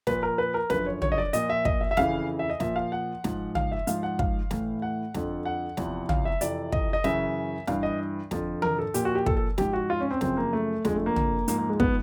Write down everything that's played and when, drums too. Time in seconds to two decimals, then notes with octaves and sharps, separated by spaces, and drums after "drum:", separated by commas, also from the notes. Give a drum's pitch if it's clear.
0.07 A#2 F3 B4, drum: snare
0.23 A#4
0.38 B4
0.54 A#4
0.70 F#2 D3 F3 B4, drum: snare
0.86 C#5
1.02 C#5, drum: tom
1.12 D#5
1.18 D5
1.33 A#2 F3 D#5, drum: hi-hat
1.50 E5
1.65 D#5, drum: kick
1.81 E5
1.91 E5
1.97 F2 C#3 E3 F5, drum: snare
2.39 E5
2.50 D#5
2.60 A#2 F3 E5, drum: snare
2.76 F5
2.92 F#5
3.24 G#2 F3, drum: snare
3.55 F5, drum: tom
3.72 E5
3.87 G#2 F3 F5, drum: hi-hat
4.03 F#5
4.19 F5, drum: kick
4.51 A2 E3, drum: snare
4.82 F#5
5.14 F2 D3 F3, drum: snare
5.45 F#5
5.77 E2 C3 F3, drum: snare
6.09 F5, drum: tom
6.25 E5
6.41 F2 C3 E3 D5, drum: hi-hat
6.72 D#5, drum: kick
6.93 D#5
7.04 F#2 C#3 E3 E5, drum: snare
7.67 G2 E3 F5, drum: snare
7.83 D#5
8.31 F2 D3 F3, drum: snare
8.62 A#4, drum: tom
8.78 A4
8.94 A#2 F3 G4, drum: hi-hat
9.05 F#4
9.15 G4
9.26 A4, drum: kick
9.37 A4
9.58 G#2 F3 G4, drum: snare
9.73 F#4
9.90 F4
10.00 C#4
10.11 C4
10.21 F#2 C#3 F3 C4, drum: snare
10.37 A#3
10.53 A3
10.85 F2 D3 F3 G#3, drum: snare
10.95 A3
11.06 A#3
11.16 drum: tom
11.48 G#2 F3 A#3, drum: hi-hat
11.58 A#3
11.69 G#3
11.80 B3, drum: kick